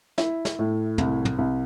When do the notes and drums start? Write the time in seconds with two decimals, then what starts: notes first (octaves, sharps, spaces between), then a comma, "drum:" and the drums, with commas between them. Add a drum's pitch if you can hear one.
0.18 E4, drum: snare
0.45 drum: snare
0.59 A2
0.98 C2, drum: tom
1.25 drum: tom
1.38 C2